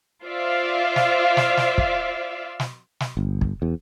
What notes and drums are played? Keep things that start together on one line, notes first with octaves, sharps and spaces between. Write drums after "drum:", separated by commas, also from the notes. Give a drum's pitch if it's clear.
F4 C5 D5 E5 F5
drum: snare
drum: snare
drum: snare
drum: kick
drum: snare
drum: snare
G1
drum: kick
E2